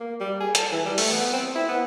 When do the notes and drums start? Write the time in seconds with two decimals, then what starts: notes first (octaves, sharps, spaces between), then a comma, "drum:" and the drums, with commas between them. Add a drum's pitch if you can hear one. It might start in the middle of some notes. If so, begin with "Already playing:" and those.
0.01 A#3
0.20 G3
0.40 G#4
0.55 A4, drum: hi-hat
0.72 E3
0.85 G3
0.98 A3, drum: open hi-hat
1.12 B3
1.33 C4
1.55 E4
1.68 B3